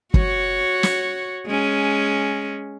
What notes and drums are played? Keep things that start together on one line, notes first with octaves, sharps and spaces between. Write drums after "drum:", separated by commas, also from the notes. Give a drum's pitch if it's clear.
F#4 C#5, drum: kick
drum: snare
G#3 C#4